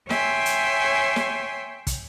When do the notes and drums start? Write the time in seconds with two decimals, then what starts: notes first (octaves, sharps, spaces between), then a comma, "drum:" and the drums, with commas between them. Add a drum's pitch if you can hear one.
0.10 C#5 E5 G5 G#5 C6, drum: snare
0.46 drum: hi-hat
1.16 drum: snare
1.87 drum: kick, hi-hat